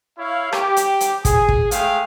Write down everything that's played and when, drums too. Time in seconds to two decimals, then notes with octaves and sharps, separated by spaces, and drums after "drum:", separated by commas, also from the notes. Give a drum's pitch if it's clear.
0.19 E4 C#5 F5
0.52 G4, drum: rim click
0.76 drum: hi-hat
1.00 drum: hi-hat
1.25 G#4, drum: kick, hi-hat
1.48 drum: kick
1.71 G#3 A3 G#4 F5 G5, drum: hi-hat